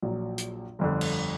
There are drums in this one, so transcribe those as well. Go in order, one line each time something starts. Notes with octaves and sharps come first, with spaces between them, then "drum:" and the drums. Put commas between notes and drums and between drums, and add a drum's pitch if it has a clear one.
A#1 A#2 F#3
drum: hi-hat
G1 F2 D3
drum: cymbal